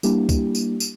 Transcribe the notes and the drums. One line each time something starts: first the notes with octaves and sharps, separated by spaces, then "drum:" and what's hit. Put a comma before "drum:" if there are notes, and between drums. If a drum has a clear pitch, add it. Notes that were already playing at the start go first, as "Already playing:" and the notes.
G3 A#3 D4 E4 G4, drum: tambourine
drum: kick, tambourine
drum: tambourine
drum: tambourine